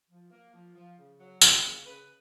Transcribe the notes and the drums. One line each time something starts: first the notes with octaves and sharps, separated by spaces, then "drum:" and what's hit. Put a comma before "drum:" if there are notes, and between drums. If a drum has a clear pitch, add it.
F3
A#3
F3
F3
C#3
F#3
A#3, drum: tambourine
C#3
C#3 B4